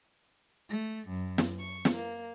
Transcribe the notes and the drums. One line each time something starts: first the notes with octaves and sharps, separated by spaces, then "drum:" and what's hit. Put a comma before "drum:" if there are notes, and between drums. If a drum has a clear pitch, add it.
A3
F#2
drum: snare
C#6
drum: snare
A#3